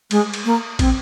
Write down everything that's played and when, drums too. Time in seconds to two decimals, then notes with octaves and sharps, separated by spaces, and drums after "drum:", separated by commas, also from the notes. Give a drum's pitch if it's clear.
0.11 G#3, drum: cymbal
0.34 drum: cymbal
0.45 A#3
0.79 C4, drum: kick, cymbal